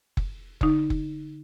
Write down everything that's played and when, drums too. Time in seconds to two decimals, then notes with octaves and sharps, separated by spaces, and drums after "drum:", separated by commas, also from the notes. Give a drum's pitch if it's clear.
0.17 drum: kick F#1
0.61 D3 D#4, drum: kick F#1
0.90 drum: kick F#1